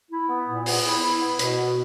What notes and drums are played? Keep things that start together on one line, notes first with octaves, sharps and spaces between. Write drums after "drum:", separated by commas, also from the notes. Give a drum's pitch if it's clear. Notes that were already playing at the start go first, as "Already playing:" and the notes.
E4
B3
A#2
B3, drum: open hi-hat
E4
E4
B3
B2, drum: hi-hat
B3